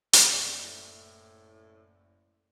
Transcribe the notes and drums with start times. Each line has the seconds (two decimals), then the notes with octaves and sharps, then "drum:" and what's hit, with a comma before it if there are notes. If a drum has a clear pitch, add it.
0.13 D#5, drum: hi-hat
0.29 F#1 D5 F#7
0.60 A2